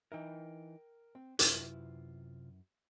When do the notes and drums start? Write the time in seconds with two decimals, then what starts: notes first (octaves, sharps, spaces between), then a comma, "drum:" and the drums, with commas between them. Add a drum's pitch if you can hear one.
0.12 E3 D#4 A#4 E5 G5
1.15 C4
1.39 F#2 C3 E4 F4 B4, drum: hi-hat